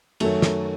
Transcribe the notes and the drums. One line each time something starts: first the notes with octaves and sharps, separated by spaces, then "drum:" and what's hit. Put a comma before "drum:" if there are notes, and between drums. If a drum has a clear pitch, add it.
F#2 D#3 F#3 A3, drum: cymbal
drum: snare